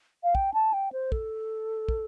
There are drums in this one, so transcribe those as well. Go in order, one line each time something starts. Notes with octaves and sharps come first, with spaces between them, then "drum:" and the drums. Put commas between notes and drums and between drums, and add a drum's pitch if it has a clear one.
F5
G5, drum: kick
A5
G5
C5
A4, drum: kick
drum: kick